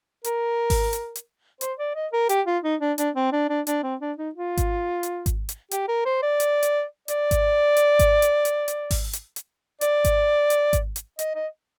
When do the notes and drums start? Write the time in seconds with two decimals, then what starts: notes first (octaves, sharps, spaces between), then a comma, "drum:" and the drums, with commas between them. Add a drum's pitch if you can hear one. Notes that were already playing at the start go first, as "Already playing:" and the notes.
0.24 A#4, drum: hi-hat
0.70 drum: kick G#1, open hi-hat
0.93 drum: hi-hat
1.16 drum: hi-hat
1.61 C5, drum: hi-hat
1.78 D5
1.95 D#5
2.13 A#4
2.29 G4, drum: hi-hat
2.46 F4
2.64 D#4
2.81 D4
2.98 D4, drum: hi-hat
3.15 C4
3.32 D4
3.49 D4
3.67 D4, drum: hi-hat
3.83 C4
4.01 D4
4.18 D#4
4.35 F4
4.57 drum: kick G#1, hi-hat
5.03 drum: hi-hat
5.26 drum: kick G#1, hi-hat
5.49 drum: hi-hat
5.71 G4, drum: hi-hat
5.88 A#4
6.05 C5
6.23 D5
6.40 drum: hi-hat
6.63 drum: hi-hat
7.08 D5, drum: hi-hat
7.31 drum: kick G#1, hi-hat
7.77 drum: hi-hat
7.99 drum: kick G#1, hi-hat
8.22 drum: hi-hat
8.45 drum: hi-hat
8.68 drum: hi-hat
8.91 drum: kick G#1, open hi-hat
9.13 drum: hi-hat
9.36 drum: hi-hat
9.81 D5, drum: hi-hat
10.05 drum: kick G#1, hi-hat
10.50 drum: hi-hat
10.73 drum: kick G#1, hi-hat
10.96 drum: hi-hat
11.19 D#5, drum: hi-hat
11.35 D#5